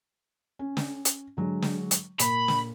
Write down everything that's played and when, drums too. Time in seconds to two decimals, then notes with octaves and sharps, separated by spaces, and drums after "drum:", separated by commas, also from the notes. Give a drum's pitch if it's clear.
0.59 C#4
0.77 drum: snare
1.05 drum: hi-hat
1.37 D3 F#3 G#3
1.62 drum: snare
1.91 drum: hi-hat
2.20 A#2 B5, drum: hi-hat
2.48 drum: snare